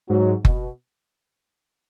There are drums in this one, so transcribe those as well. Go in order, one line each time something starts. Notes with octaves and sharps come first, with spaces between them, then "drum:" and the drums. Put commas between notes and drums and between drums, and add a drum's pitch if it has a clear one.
G#2 F#3
B2, drum: kick F#1